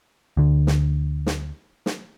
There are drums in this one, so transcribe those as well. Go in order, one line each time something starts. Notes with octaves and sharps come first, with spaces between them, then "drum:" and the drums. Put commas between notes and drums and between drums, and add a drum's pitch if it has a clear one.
D2 D3
drum: snare
drum: snare
drum: snare